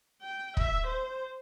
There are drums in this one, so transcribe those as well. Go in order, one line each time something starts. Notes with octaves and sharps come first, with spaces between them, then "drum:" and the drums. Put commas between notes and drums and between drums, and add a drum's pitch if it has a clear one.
G5
E5, drum: kick
C5